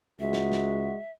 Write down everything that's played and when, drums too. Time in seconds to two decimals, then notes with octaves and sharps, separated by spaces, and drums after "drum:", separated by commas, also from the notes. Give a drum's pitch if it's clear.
0.20 C#2 G#3 F#4 E5
0.33 drum: snare
0.52 drum: snare